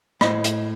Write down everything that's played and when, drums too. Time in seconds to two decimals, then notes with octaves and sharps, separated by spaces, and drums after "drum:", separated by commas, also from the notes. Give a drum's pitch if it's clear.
0.21 A2 C5 D#5, drum: rim click
0.44 drum: hi-hat